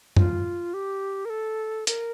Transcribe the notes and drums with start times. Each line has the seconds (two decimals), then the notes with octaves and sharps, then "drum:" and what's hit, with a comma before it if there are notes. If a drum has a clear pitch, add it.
0.17 F4, drum: tom F#2
0.74 G4
1.25 A#4
1.30 A4
1.87 A#4, drum: hi-hat